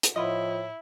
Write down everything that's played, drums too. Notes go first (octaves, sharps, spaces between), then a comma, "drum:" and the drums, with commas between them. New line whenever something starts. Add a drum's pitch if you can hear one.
drum: hi-hat
A2 F3 B3 E4 F4 D#5